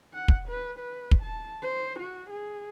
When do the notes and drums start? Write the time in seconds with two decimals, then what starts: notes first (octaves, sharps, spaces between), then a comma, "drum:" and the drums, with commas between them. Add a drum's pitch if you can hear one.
0.14 F#5
0.28 drum: kick
0.48 B4
0.79 B4
1.11 drum: kick
1.23 A5
1.62 C5
2.00 F#4
2.30 G#4